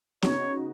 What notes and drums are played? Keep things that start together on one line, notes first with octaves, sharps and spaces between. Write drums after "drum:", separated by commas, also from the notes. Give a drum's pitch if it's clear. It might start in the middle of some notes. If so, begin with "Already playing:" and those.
C#3 B3 D#4 F#4 C#5, drum: snare C4